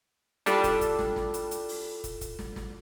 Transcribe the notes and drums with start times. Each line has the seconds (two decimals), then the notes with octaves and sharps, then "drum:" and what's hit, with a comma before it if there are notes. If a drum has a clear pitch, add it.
0.46 G3 D4 E4 F4 A4, drum: hi-hat
0.64 drum: kick, hi-hat
0.81 drum: kick, hi-hat
0.99 drum: snare
1.16 drum: snare
1.34 drum: hi-hat
1.51 drum: hi-hat
1.69 drum: open hi-hat
2.04 drum: kick, hi-hat
2.21 drum: kick, hi-hat
2.39 drum: snare
2.56 drum: snare